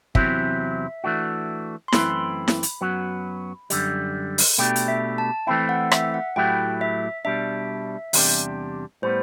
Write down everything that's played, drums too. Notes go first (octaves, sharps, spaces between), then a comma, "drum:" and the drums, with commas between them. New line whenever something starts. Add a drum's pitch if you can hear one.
E2 C3 F#3 C4 E4 E5, drum: kick
E3 A3 D4 F#4
C6
F#2 E3 A3 C4 B5, drum: snare E4
drum: snare E4
drum: hi-hat
F#2 F#3 B3 F#4
F#2 D3 G3, drum: hi-hat
drum: open hi-hat
B2 A3 D4 G4 G5
drum: hi-hat
E5
A5
E3 A3 C4 E4 G5
F#5
E5, drum: rim click
F#5
A2 F#3 A3 E4 G4 G5
E5
B2 G3 D4 E5
E2 C3 G3 D4 G4, drum: open hi-hat
A2 G3 B3 C5